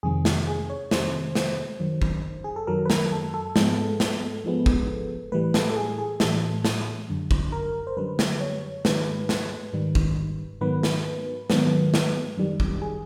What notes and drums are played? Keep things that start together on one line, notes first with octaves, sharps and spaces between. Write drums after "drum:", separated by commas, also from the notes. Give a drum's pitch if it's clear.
F2 C3 D#3 G3 C4 G#4
G4, drum: snare
G#4
C#5
F2 C3 D#3 G3 C4 C5, drum: snare
drum: snare
F#2 D#3 F#3
drum: kick
G#4
A4
F#2 D#3 F#3 A#4
B4
A#4, drum: snare
A4
A4
G#2 F3 G#3 B3, drum: snare
drum: snare
G#2 F3 G#3 B3
drum: kick
A2 E3 G3 B4
A4, drum: snare
A4
G#4
G#4
A2 E3 G3 A4, drum: snare
drum: snare
F#2 D3 G3
drum: kick
A#4
C5
F#2 D3 G3 B4
drum: snare
C#5
G#2 D#3 G3 B4, drum: snare
drum: snare
G#2 D#3 G3
drum: kick
G#2 D#3 F#3 B3 B4
drum: snare
G#2 D#3 F#3 B3, drum: snare
drum: snare
F#2 D#3 G3
drum: kick
G#4